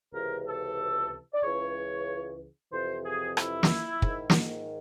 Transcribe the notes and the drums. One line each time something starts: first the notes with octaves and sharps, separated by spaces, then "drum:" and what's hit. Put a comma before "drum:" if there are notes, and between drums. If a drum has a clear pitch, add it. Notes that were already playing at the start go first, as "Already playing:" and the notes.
C#2 C3 E3 A#4
A4
D5
C#2 C#3 E3 C#5
F2 C3 E3 C5
G#4
E4, drum: rim click
drum: snare
G#2 D#3, drum: kick
drum: snare